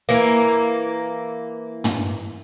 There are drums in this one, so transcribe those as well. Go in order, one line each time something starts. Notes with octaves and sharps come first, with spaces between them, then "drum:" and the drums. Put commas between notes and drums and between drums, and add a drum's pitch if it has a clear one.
E3 A#3
drum: tom